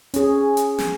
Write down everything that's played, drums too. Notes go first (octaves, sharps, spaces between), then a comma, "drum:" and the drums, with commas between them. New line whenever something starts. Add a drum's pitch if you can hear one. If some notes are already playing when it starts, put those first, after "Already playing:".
C#4 G#4, drum: hi-hat
drum: hi-hat
drum: snare